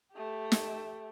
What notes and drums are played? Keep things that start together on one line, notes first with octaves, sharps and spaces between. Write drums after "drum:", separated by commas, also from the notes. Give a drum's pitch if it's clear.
A3 G4
drum: snare